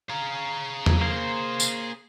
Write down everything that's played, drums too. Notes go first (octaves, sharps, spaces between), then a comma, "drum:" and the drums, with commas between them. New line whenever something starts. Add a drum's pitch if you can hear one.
G#4 F5 A#5
drum: tom E2
A#3 C5
drum: tambourine